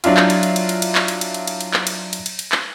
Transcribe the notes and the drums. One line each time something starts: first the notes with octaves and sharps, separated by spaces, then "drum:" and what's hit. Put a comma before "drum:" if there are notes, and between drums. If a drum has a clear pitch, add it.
F#3 D4 E4 F4, drum: cymbal
drum: clap
drum: cymbal
drum: cymbal
drum: cymbal
drum: cymbal
drum: cymbal
drum: clap
drum: cymbal
drum: cymbal
drum: cymbal
drum: cymbal
drum: cymbal
drum: clap
drum: cymbal
drum: cymbal
drum: cymbal
drum: cymbal
drum: clap